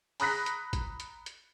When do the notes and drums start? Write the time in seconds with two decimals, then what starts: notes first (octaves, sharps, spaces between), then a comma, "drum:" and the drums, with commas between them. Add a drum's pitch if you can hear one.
0.20 A#5 B5 D#6 F#6 A#6 B6, drum: open hi-hat
0.46 drum: hi-hat
0.73 drum: kick G#1, hi-hat
1.00 drum: hi-hat
1.26 drum: hi-hat